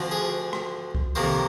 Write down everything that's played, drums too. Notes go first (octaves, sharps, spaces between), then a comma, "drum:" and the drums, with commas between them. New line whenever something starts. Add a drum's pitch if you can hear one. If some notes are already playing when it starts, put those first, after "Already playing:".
Already playing: D2 D3 F3 C4
G#4
drum: rim click
drum: kick C2
F2 C3 D#3 A#3 C5